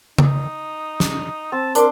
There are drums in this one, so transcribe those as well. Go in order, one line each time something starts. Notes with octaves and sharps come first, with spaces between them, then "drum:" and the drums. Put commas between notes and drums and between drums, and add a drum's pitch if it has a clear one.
D#4, drum: tom C#3
drum: snare
C4 A5
D4 A#4 C6 D6, drum: hi-hat